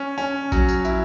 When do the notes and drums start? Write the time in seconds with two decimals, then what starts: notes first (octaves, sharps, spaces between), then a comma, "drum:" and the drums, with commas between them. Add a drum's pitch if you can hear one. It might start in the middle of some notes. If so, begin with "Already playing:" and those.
Already playing: C#4
0.18 C#4
0.52 F#3, drum: kick A#1, tambourine
0.69 drum: tambourine
0.85 E4, drum: tambourine